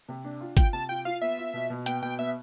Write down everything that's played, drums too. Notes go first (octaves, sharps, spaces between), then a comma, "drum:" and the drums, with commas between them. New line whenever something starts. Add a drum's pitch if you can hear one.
C3
D4
F4
F4 G5, drum: kick, hi-hat
C3 A5
F4 G5
F4 F5
B3 E5
F4
B2
B2
B3 G5, drum: hi-hat
B2 G5
B3 E5